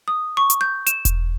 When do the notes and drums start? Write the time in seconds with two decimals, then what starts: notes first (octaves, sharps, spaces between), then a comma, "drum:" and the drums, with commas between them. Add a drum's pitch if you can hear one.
0.08 D#6
0.37 C#6
0.50 drum: hi-hat
0.61 G6
0.87 E7, drum: hi-hat
1.05 drum: kick E1, hi-hat